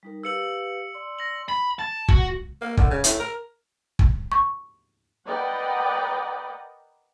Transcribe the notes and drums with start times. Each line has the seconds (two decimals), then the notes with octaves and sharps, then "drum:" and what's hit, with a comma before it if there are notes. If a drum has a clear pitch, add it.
0.03 G3 D#4 A#4
0.23 G4 B4 F5 E6 C#7 F#7
0.94 D5 C6
1.19 A#6 F#7
1.48 B5
1.79 A5
2.08 F#4, drum: kick
2.61 A#3
2.77 D3, drum: kick
2.91 C#3
3.04 A2, drum: hi-hat
3.20 A#4
3.99 drum: kick
4.32 C#6
5.28 A#4 B4 D5 D#5 F#5 G5